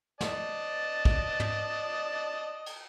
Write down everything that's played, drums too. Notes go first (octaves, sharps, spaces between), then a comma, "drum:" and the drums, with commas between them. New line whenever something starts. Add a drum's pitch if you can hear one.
D5 D#5 A5, drum: snare
drum: kick
drum: tom
drum: cymbal